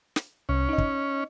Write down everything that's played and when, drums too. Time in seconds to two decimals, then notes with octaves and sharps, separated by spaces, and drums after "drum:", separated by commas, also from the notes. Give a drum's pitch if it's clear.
0.16 drum: snare
0.49 C2 C#4
0.69 D#4 D#5
0.78 drum: kick